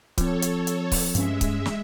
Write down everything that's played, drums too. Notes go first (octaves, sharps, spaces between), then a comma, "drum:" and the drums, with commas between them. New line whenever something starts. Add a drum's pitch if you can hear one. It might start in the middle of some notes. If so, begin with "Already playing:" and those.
F3 C4 A4 C#5, drum: kick C#1, hi-hat
drum: hi-hat
drum: hi-hat
drum: kick C#1, open hi-hat
G2 G#3 C#4 E5, drum: hi-hat
drum: kick C#1, hi-hat
drum: snare